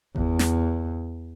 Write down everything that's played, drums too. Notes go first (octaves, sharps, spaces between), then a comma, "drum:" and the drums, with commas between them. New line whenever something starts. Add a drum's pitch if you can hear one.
E2, drum: kick G1
drum: snare